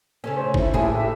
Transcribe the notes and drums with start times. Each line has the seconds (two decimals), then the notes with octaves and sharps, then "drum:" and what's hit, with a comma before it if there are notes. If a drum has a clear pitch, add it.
0.24 C#3 A3 C#4 G#5
0.37 C5 C#5
0.54 D#4 E4, drum: kick
0.74 D#2 A2 A3 E4 G4 G#4
0.92 G4 E5